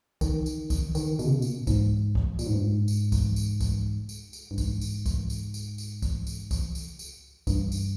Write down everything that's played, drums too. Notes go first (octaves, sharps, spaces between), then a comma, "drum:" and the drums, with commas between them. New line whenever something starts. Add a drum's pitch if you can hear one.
D#3, drum: kick, tambourine
drum: tambourine
drum: kick, tambourine
D#3, drum: tambourine
B2, drum: tambourine
C#3
B2
A#2, drum: tambourine
G#2, drum: kick, tambourine
drum: kick
A#2, drum: tambourine
G#2
G2
G#2
drum: tambourine
drum: kick, tambourine
drum: tambourine
drum: kick, tambourine
drum: tambourine
drum: tambourine
G2
G#2, drum: kick, tambourine
drum: tambourine
drum: kick, tambourine
drum: tambourine
drum: tambourine
drum: tambourine
drum: kick, tambourine
drum: tambourine
drum: kick, tambourine
drum: tambourine
drum: tambourine
G2, drum: kick, tambourine
drum: tambourine